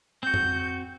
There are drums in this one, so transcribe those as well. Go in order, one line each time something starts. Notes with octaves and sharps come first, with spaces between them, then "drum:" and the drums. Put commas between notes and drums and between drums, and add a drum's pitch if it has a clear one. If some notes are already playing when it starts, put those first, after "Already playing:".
C4 F#4 G6
drum: tom F2